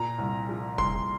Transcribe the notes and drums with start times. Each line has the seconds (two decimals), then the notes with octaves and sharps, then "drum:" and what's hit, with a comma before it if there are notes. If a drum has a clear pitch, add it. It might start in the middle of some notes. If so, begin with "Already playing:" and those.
Already playing: A#2 A#5
0.18 C2
0.49 F3
0.78 C2 C6, drum: kick E1